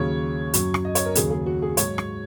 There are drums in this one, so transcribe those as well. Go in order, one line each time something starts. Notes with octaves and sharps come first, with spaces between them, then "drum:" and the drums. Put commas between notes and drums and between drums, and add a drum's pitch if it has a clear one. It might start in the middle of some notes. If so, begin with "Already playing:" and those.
Already playing: D#2 C#3 F#3 C#5
F#2 F#3, drum: hi-hat
drum: rim click
D#5
C#5, drum: hi-hat
A#4
D#2 C#3 F#3 G#4, drum: hi-hat
G#4
F#4
G#4
G#2 F#3 C#5, drum: hi-hat
drum: rim click